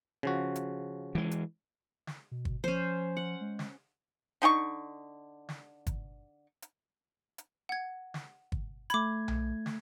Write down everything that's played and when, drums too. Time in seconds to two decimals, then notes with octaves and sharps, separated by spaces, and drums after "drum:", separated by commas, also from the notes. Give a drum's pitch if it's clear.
0.23 C#3 F3 F#4
0.56 drum: hi-hat
1.15 E3 G#3
1.31 drum: hi-hat
2.07 drum: snare
2.31 B2
2.45 drum: kick
2.64 F3 C#4 C5
3.17 F#5
3.41 G#3
3.59 drum: snare
4.42 D3 D#4 G5 C#6
5.49 drum: snare
5.87 drum: kick, hi-hat
6.62 drum: hi-hat
7.38 drum: hi-hat
7.69 F#5 G#6
8.14 drum: snare
8.52 drum: kick
8.90 A3 B5 D6 G#6, drum: hi-hat
9.28 drum: tom B1
9.66 drum: snare